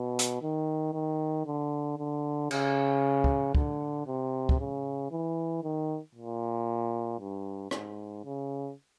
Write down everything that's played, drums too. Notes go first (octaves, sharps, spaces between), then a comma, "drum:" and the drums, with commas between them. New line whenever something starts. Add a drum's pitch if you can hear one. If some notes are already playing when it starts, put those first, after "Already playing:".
Already playing: B2
drum: hi-hat
D#3
D#3
D3
D3
C#3, drum: cymbal
drum: kick
D3, drum: kick
C3
drum: kick
C#3
E3
D#3
A#2
G2
G#2, drum: rim click
C#3